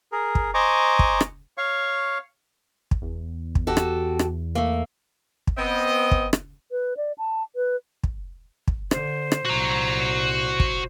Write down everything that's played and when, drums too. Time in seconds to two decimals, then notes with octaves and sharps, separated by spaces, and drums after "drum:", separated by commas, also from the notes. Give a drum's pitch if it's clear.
0.12 G#4 A#4
0.35 drum: kick
0.54 C5 D#5 G#5 A#5 C#6 D6
0.99 drum: kick
1.21 drum: rim click
1.58 C#5 F5 C#6
2.91 drum: kick
3.02 E2
3.55 drum: kick
3.67 F#4 G4 A4
3.77 drum: rim click
4.19 drum: rim click
4.55 A3 A#3
5.47 drum: kick
5.57 B3 C4 D#5
6.11 drum: kick
6.33 drum: rim click
6.71 B4
6.97 D5
7.18 A5
7.56 B4
8.04 drum: kick
8.68 drum: kick
8.91 D3 C5, drum: rim click
9.32 drum: rim click
9.45 C2 A#2 F#4 A#5
10.60 drum: kick